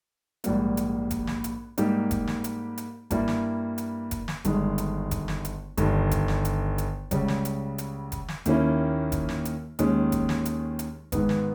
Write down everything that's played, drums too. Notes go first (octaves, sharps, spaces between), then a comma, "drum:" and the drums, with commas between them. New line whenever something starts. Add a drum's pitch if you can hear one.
A#1 G#2 G3 A#3, drum: hi-hat
drum: hi-hat
drum: kick F1, hi-hat
drum: snare
drum: hi-hat
G#2 G3 A#3 D#4 G4, drum: hi-hat
drum: kick F1, hi-hat
drum: snare
drum: hi-hat
drum: hi-hat
G2 G3 A#3 E4, drum: kick F1, hi-hat
drum: snare
drum: hi-hat
drum: kick F1, hi-hat
drum: snare
G1 G2 D#3 G#3, drum: hi-hat
drum: hi-hat
drum: kick F1, hi-hat
drum: snare
drum: hi-hat
G1 G2 D#3, drum: hi-hat
drum: kick F1, hi-hat
drum: snare
drum: hi-hat
drum: hi-hat
C#2 C#3 G3, drum: kick F1, hi-hat
drum: snare
drum: hi-hat
drum: hi-hat
drum: kick F1, hi-hat
drum: snare
D#2 D#3 A#3 C#4 E4, drum: hi-hat
drum: kick F1, hi-hat
drum: snare
drum: hi-hat
D#2 D#3 G#3 C#4, drum: hi-hat
drum: kick F1, hi-hat
drum: snare
drum: hi-hat
drum: hi-hat
G#2 D#3 G#3 B3, drum: kick F1, hi-hat
drum: snare